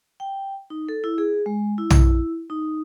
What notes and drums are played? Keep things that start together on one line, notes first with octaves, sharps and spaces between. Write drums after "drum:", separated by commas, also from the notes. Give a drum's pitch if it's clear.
G5
D#4
A4
E4
G#4
G#3
E4
drum: tom
D#4